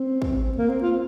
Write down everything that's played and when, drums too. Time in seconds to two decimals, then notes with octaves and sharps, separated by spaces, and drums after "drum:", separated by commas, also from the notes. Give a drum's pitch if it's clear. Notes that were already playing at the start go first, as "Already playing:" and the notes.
Already playing: C4
0.22 drum: kick
0.57 A#3
0.69 C4
0.82 F4